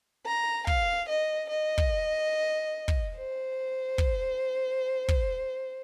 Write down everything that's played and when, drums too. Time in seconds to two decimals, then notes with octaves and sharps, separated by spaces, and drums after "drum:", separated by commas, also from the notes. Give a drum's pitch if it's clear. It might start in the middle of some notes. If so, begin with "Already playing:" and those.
0.26 A#5
0.67 F5, drum: kick
1.09 D#5
1.49 D#5
1.78 drum: kick
2.88 drum: kick
3.16 C5
3.98 drum: kick
5.08 drum: kick